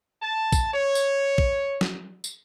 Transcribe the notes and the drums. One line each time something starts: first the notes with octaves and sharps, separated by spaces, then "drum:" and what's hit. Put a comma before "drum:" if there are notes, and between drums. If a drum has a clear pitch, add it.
A5
drum: kick, tambourine
C#5
drum: tambourine
drum: kick
drum: snare
drum: tambourine